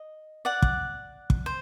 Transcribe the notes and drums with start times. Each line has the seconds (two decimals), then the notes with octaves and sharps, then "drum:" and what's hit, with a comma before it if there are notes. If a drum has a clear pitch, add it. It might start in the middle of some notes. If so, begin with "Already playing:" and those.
Already playing: D#5
0.45 D5 F#5
0.62 drum: kick
1.30 drum: kick
1.46 C5